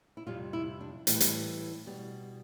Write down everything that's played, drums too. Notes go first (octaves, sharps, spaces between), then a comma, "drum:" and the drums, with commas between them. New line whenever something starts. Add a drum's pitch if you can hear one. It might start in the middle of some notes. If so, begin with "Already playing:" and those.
E4
F2 C3 G3 F4
E4
D4
A2 E3 G3, drum: hi-hat
drum: hi-hat
B2 G3